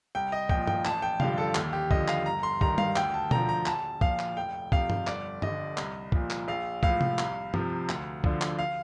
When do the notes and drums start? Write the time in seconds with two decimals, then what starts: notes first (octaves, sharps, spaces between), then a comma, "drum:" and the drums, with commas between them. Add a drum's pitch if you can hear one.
0.15 C2 G5
0.32 D#5
0.49 A#2 F3 G5, drum: kick C2
0.67 G5, drum: tom G2
0.85 A1 A5, drum: clap
1.02 G5
1.20 G2 D3 F3 F5, drum: tom C3
1.38 A4
1.55 D#2, drum: clap
1.73 G4
1.91 D3 F3 D#5, drum: kick C2
2.08 F5, drum: clap
2.26 G1 A#5
2.43 C6
2.61 G2 D#3 A#5, drum: kick C2
2.78 F5, drum: tom
2.96 D2 G5, drum: clap
3.14 A5
3.31 D3 F3 A#5, drum: tom B2
3.49 A#5
3.66 A#1 A5, drum: clap
4.01 A#2 F3 F5, drum: kick C2
4.19 drum: clap
4.37 F1 G5
4.72 F2 C3 F3 F5, drum: kick C2
4.90 drum: tom G2
5.07 G1 D5, drum: clap
5.42 G2 D3 D#5, drum: tom G2
5.77 C2, drum: clap
6.12 A#2 F3, drum: kick C2
6.30 drum: clap
6.48 A#1 F5
6.83 A2 F3 F5, drum: kick C2
7.01 drum: tom C3
7.19 C2, drum: clap
7.54 C3 F3, drum: tom G2
7.89 D2, drum: clap
8.24 D3 F3, drum: kick C2
8.41 drum: clap
8.59 F5